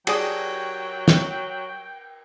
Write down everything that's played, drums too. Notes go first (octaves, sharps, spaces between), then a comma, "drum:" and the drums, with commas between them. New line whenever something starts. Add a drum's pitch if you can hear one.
F#3 G4 G#4 D5 G5 A5 D#6, drum: cymbal
drum: snare